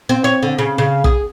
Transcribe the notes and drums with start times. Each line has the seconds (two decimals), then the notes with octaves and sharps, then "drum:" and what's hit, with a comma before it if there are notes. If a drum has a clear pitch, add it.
0.09 C4
0.24 C#5
0.43 D3
0.58 C#3
0.78 C#3
1.04 G#4, drum: kick